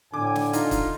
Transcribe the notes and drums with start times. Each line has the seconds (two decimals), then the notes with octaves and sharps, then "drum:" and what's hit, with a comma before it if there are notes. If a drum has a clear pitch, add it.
0.14 A2 D3 G#5 D6
0.36 drum: snare
0.53 D#4 F4, drum: hi-hat
0.71 drum: kick, hi-hat